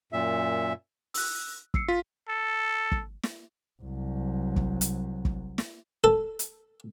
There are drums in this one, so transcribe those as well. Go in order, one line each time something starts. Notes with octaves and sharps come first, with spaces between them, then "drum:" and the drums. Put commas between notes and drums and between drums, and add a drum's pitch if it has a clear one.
F#2 A#2 E5
E6 F#6, drum: open hi-hat
E6 C7 C#7, drum: kick
F4 B6
A4
drum: kick
drum: snare
C2 F#3
drum: kick
drum: hi-hat
drum: kick
drum: snare
A4
drum: hi-hat